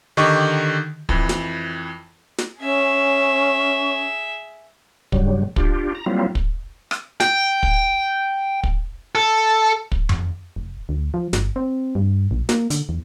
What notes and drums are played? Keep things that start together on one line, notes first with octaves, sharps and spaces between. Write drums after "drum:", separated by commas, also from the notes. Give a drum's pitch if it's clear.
D3 D#3 G4 D#5 C#6
F2 E3, drum: kick
drum: snare
drum: snare
C#4 G#4 E5
G2 C#3 F#3 G3, drum: kick
D4 F4 G4, drum: kick
A#5
F#3 G3 A#3 C4 E4 F4
drum: kick
drum: rim click
G5, drum: snare
drum: kick
drum: kick
A4
drum: kick
drum: tom F2
F1
D2
F3
G1, drum: snare
C4
G2
A#1
A#3, drum: snare
D3, drum: hi-hat
E2